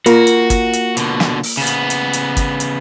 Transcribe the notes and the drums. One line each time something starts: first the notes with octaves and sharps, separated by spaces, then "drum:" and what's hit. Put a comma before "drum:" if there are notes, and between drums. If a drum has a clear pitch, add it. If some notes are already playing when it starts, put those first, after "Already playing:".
A#3 F4 F#4, drum: hi-hat
drum: hi-hat
drum: kick, hi-hat
drum: hi-hat
B2 D3, drum: hi-hat
drum: snare
drum: open hi-hat
C#3 B3
drum: hi-hat
drum: hi-hat
drum: hi-hat
drum: kick, hi-hat
drum: hi-hat